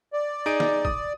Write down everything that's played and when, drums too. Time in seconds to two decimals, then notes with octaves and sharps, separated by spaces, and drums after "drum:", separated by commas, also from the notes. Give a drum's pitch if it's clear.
0.13 D5
0.46 D#4 G#4 D7
0.60 drum: snare
0.85 D#6, drum: kick A1